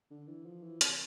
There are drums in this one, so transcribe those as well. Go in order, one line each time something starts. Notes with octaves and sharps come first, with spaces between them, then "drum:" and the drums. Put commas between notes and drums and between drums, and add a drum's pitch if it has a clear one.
D3
E3
F3
E3
C3, drum: hi-hat